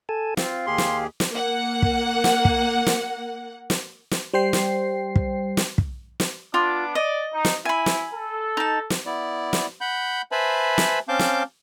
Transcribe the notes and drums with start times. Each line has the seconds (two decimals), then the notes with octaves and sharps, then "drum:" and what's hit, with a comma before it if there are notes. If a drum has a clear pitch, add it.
0.09 A4 G#5 A5
0.37 C4 F4 F5, drum: snare
0.67 D#2 G4 G#4 C6
0.78 drum: snare
1.20 drum: snare
1.30 A#3 F#5
1.82 drum: kick
2.24 drum: snare
2.45 drum: kick
2.86 drum: snare
3.70 drum: snare
4.11 drum: snare
4.33 G3 C5 G5 C7
4.53 drum: snare
5.16 drum: kick
5.57 drum: snare
5.78 drum: kick
6.20 drum: snare
6.54 B3 D4 F4 D6
6.95 D5 D#5
7.33 D#4
7.45 drum: snare
7.65 E4 G#5 B5
7.86 drum: snare
8.14 A4
8.57 D#4 A5
8.90 drum: snare
9.06 B3 E4 D5
9.53 drum: snare
9.81 F#5 B5 G6
10.32 B4 C5 E5 G#5 A5 B5
10.78 drum: snare
11.08 C4 C#4 F5 A5 D6 G6
11.19 drum: snare